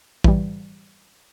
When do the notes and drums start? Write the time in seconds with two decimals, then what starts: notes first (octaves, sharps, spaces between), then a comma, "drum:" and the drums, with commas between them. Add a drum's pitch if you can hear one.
0.24 E3 G3, drum: kick A#1